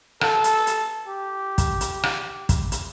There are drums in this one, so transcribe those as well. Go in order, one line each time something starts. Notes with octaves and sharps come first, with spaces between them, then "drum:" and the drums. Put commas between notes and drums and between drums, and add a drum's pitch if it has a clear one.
A4, drum: rim click
drum: hi-hat
drum: hi-hat
G4
drum: kick, hi-hat
drum: hi-hat
drum: rim click
drum: kick, hi-hat
drum: hi-hat